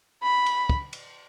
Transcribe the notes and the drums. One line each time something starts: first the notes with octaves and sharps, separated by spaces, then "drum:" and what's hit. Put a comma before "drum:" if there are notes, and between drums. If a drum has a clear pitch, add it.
B5
drum: cymbal
drum: kick
drum: cymbal